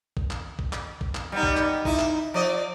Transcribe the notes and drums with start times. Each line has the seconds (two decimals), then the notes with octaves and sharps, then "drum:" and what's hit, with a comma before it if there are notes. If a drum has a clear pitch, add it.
0.17 drum: kick
0.31 drum: clap
0.59 drum: kick
0.73 drum: clap
1.01 drum: kick
1.15 drum: clap
1.32 G3 B3 D#4
1.43 drum: kick
1.57 drum: clap
1.85 D#4 E4, drum: kick
1.99 drum: clap
2.34 F3 D5 D#5